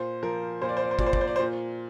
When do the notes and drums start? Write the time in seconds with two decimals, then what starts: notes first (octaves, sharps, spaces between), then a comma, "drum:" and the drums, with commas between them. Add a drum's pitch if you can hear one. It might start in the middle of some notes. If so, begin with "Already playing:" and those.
Already playing: A#2 C5
0.23 F3 A#4
0.62 A#2 C5
0.69 D5
0.77 C5
0.84 D5
0.91 C5
0.99 A#2 D5, drum: kick
1.06 C5
1.13 D5, drum: kick
1.21 C5
1.27 D5
1.36 C5
1.39 A#2